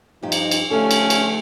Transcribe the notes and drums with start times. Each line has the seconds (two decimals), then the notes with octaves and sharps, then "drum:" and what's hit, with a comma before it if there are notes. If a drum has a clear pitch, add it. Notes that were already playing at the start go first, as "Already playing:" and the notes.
0.23 G2 F3 D#4 G4
0.32 drum: cymbal
0.51 drum: cymbal
0.71 D3 F3 A3 C#4 F4 G4 A4
0.91 drum: cymbal
1.10 drum: cymbal